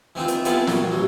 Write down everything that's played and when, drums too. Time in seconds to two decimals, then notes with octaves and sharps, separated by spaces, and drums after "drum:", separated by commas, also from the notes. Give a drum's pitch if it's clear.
0.15 E3 C4 D#4 F4
0.28 drum: hi-hat
0.45 B3 C4 E4 F4 G#4 A4, drum: hi-hat
0.67 A#2 F#3, drum: snare
0.92 A1 F#3